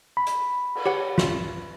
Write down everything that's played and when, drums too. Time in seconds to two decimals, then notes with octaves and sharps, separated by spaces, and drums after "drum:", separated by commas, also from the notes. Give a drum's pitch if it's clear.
0.17 B5
0.27 drum: hi-hat
0.75 drum: cymbal
0.86 G4 C#5 F#5
1.18 F4, drum: snare